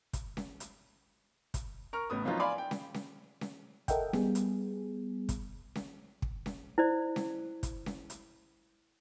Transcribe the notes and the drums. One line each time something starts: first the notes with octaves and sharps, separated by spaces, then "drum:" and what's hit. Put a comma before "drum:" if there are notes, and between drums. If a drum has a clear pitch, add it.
drum: kick, hi-hat
drum: snare C#4
drum: hi-hat
drum: kick, hi-hat
A#4 C#6 F6
A1 A2 B3 D#6
F3 F#3 B3 C#4 D#4 F4
D5 F5 G#5 B5 C6 D6
G5
drum: snare C#4
drum: snare C#4
drum: snare C#4
A4 A#4 D#5 E5 F#5 G5, drum: kick, hi-hat
G3 B3 G#4, drum: snare C#4
drum: hi-hat
drum: kick, hi-hat
drum: snare C#4
drum: kick
drum: snare C#4
E4 C5 D5
drum: snare C#4
drum: kick, hi-hat
drum: snare C#4
drum: hi-hat